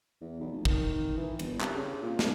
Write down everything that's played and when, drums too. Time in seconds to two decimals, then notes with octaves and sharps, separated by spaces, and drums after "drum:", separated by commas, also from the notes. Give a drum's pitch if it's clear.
0.21 E2
0.40 B1
0.51 F1
0.65 D#3, drum: kick
1.17 E3
1.39 G1, drum: cymbal
1.61 C3, drum: clap
1.75 C#3
2.02 A#2
2.19 G#2, drum: snare